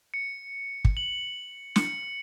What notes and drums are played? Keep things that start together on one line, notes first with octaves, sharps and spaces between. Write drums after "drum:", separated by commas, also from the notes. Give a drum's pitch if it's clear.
C#7
drum: kick
F#7
C#7, drum: snare